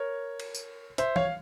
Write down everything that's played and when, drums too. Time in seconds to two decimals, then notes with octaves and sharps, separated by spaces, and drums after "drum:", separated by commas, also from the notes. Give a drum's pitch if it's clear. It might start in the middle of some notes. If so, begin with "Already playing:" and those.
Already playing: A#4 C#5
0.40 drum: cymbal
0.55 drum: tambourine
0.98 C5 E5, drum: hi-hat
1.16 C#5 F5, drum: tom E3